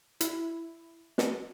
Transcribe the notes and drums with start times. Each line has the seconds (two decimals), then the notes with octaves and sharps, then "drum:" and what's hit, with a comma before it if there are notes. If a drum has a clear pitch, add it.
0.21 E4, drum: hi-hat
1.18 drum: snare